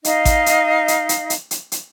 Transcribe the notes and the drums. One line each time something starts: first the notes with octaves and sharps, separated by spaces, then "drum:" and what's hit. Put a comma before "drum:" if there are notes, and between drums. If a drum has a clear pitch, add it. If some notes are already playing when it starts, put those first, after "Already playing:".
D#4 D#5 F5, drum: hi-hat
drum: kick G#1, hi-hat
drum: hi-hat
drum: hi-hat
drum: hi-hat
drum: hi-hat
drum: hi-hat
drum: hi-hat